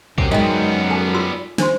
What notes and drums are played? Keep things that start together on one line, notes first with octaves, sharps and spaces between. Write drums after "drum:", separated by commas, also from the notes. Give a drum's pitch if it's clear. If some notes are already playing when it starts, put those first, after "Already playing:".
F#2 C4 G4 D6, drum: kick
G3 G#3 B3 D#4 D#5 G5
A4 G#5 A5
F4 C6 E6
D4 C5 C6, drum: snare